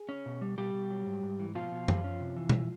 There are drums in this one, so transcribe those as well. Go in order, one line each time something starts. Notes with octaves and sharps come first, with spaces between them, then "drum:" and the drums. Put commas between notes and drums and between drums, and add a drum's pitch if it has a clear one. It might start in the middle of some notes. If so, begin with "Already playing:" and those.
Already playing: G#4
C#4
B2
G3
B2 G3 G4
B2
F#3
G#2
G#2
E3
B2 F3 F4
B2
G3, drum: tom
C#4
C3
E3
drum: tom B2